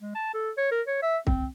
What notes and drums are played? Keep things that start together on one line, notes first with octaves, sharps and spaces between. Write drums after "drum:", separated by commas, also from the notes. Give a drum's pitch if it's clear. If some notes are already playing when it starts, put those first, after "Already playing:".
G#3
A5
A4
C#5
A#4
C#5
E5
C4, drum: kick